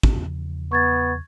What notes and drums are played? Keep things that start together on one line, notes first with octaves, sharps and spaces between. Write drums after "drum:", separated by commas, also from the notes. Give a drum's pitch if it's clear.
drum: kick
E2 C#3 F3
B3 C#6 G#6 A6